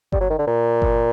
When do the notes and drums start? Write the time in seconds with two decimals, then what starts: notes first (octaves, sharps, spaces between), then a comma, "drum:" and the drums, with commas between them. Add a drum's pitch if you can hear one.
0.12 G3, drum: kick G1
0.21 F#3
0.30 D#3
0.39 D3
0.47 A#2
0.82 drum: kick G1